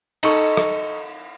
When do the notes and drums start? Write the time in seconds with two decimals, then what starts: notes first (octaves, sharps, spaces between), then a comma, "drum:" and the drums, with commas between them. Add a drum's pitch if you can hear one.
0.23 D#4 A4 C#6, drum: cymbal
0.57 drum: rim click